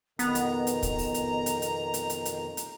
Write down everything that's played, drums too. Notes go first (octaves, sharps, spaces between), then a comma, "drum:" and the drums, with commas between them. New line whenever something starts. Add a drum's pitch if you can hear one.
F2 B2 D#3 B3 A#5, drum: hi-hat
drum: hi-hat
drum: hi-hat
drum: kick, hi-hat
drum: open hi-hat
drum: hi-hat
drum: hi-hat
drum: hi-hat
drum: hi-hat
drum: hi-hat
drum: hi-hat
drum: hi-hat